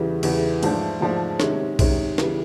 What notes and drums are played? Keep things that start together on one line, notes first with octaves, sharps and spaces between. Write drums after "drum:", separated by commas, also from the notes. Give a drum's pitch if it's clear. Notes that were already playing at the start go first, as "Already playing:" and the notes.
Already playing: E2 C#3 E3 G3
E2 C#3 E3 G3, drum: cymbal
G#2 F3 A3 D4, drum: cymbal
G#2 F3 A3 D4
C3 D#3 G#3 C#4, drum: snare
C3 D#3 G#3 C#4, drum: kick B1, cymbal
C#3 E3 G3 B3, drum: snare